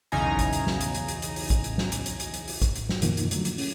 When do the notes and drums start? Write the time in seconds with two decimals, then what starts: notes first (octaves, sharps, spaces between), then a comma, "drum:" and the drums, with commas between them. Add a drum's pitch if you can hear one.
0.12 B1 E2 C#3 D#4 G#5 A#5
0.39 drum: kick A1, hi-hat
0.53 drum: hi-hat
0.67 drum: snare
0.81 drum: hi-hat
0.94 drum: hi-hat
1.08 drum: hi-hat
1.22 drum: hi-hat
1.36 drum: open hi-hat
1.50 drum: kick A1, hi-hat
1.64 drum: hi-hat
1.78 drum: snare
1.92 drum: hi-hat
2.06 drum: hi-hat
2.20 drum: hi-hat
2.34 drum: hi-hat
2.48 drum: open hi-hat
2.62 drum: kick A1, hi-hat
2.75 drum: hi-hat
2.89 drum: snare
3.02 F#2 B2 D#3 F3 A#3 D#4, drum: hi-hat
3.17 drum: hi-hat
3.31 D3 F3 F#3 A3, drum: hi-hat
3.45 drum: hi-hat
3.58 C#4, drum: open hi-hat